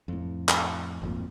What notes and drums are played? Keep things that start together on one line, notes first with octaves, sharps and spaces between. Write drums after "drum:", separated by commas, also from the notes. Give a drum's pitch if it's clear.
F2 A2
drum: clap
G#1 F2 A#2